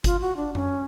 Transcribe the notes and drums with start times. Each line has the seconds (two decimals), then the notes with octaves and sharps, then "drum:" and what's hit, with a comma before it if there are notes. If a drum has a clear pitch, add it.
0.04 F4, drum: kick G1, hi-hat
0.21 F#4
0.37 D4
0.55 C#4, drum: tom F#2